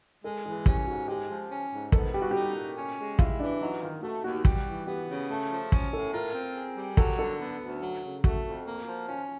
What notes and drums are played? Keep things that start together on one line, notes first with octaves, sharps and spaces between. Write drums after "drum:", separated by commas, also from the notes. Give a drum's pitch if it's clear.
G#3 A4
E3 G#4
C#4 G4, drum: kick
G#2 F#4
G#3 G4
F3
C#4
G#2
B3 A4, drum: kick
G3 G4
F#4
D#4 G4
A#2
C#4
G#3
E4 F4, drum: kick
E3 D4
F#3 D#4
D#3 F4
A3 F#4
D#2 F#4
G3, drum: kick
E3
B3 G4
C#3
A3
F3
C#4, drum: kick
A2 A4
F4 A#4
C4
G#4
G3
F#3 A4, drum: kick
D3 A4
B3
D2
F#3
C#3
A3 F#4, drum: kick
F2
A#3
F3
C#4 F4